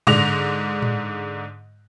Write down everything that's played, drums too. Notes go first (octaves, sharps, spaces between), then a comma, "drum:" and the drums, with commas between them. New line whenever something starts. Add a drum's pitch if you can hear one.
G#2 D3 A#6 F7, drum: tom A2
drum: tom A2